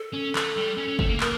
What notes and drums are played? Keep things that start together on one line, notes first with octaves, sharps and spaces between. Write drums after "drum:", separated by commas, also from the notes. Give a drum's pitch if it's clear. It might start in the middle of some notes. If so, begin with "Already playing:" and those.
Already playing: A4
C#4
A3, drum: clap
G3
C#4
C#4
A3, drum: kick
A#3
A#4, drum: clap